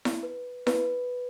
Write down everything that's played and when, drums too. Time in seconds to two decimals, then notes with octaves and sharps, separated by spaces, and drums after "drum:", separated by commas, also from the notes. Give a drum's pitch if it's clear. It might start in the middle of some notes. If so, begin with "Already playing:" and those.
0.05 drum: snare E4
0.23 B4
0.67 B4, drum: snare E4